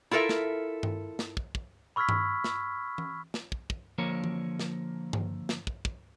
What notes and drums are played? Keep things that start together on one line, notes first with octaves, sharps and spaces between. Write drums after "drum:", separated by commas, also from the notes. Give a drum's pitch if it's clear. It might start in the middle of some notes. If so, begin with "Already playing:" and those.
E4 F4 A4 A#4 E5
drum: snare
drum: tom G2
drum: snare
drum: kick
drum: kick
B5 C#6 E6 F6 G#6 B6
drum: tom G2
drum: snare
drum: tom E3
drum: snare
drum: kick
drum: kick
D3 F3 A#3 A#4 C#5
drum: tom E3
drum: snare
drum: tom G2
drum: snare
drum: kick
drum: kick